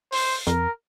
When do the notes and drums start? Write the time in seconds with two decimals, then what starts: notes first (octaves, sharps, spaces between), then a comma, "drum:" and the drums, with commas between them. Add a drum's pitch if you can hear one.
0.12 C5, drum: open hi-hat
0.47 F2 A#4, drum: hi-hat